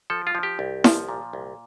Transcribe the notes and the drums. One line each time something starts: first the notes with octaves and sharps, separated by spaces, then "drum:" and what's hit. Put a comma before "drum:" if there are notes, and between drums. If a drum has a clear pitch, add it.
F3 A4
F4
F3
G4
C2
F3, drum: snare E4
A#2
C2